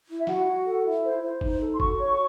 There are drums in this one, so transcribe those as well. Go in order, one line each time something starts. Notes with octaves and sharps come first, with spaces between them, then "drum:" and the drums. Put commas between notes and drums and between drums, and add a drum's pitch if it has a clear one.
E4
E5
F#4 F#5, drum: snare
F#4
A4
E4
C5
C5
D#4, drum: kick F#1
A4
C6
F#4 C#6, drum: kick F#1
C#5